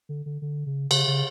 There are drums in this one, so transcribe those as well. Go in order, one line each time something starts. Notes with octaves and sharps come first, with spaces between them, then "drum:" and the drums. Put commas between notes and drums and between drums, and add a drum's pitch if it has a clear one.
D3
D3
D3
C#3
C#3, drum: cymbal
C#3